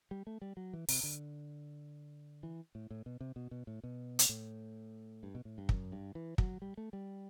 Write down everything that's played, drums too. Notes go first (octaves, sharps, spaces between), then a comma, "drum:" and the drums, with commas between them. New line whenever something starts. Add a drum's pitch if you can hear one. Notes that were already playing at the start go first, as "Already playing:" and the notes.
G3
A3
G3
F#3
E3
C3, drum: open hi-hat
D3
E3
A2
A2
B2
C3
B2
B2
A2
B2
drum: hi-hat
A2
G2
B2
A2
G2
F#2, drum: kick
G2
E3
F#3, drum: kick
G3
A3
G3